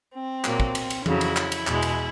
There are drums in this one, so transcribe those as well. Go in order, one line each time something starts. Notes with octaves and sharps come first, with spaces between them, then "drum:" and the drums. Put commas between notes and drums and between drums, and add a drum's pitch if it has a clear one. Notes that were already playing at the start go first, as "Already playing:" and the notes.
C4
A#2 F#3 A#3, drum: clap
drum: kick
drum: cymbal
drum: cymbal
F2 C#3 F#3 E4, drum: tom E3
drum: cymbal
drum: clap
drum: cymbal
E2 B2 G#3, drum: clap
drum: cymbal